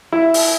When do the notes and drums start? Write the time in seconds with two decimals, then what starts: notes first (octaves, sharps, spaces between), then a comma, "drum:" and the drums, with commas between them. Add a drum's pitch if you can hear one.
0.13 E4
0.34 drum: open hi-hat